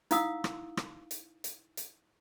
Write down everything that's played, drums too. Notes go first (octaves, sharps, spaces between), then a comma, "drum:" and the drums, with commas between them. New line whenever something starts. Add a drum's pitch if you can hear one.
D#4 E4 F5 F#5 D#6 E6, drum: hi-hat
drum: rim click
drum: rim click
drum: hi-hat
drum: hi-hat
drum: hi-hat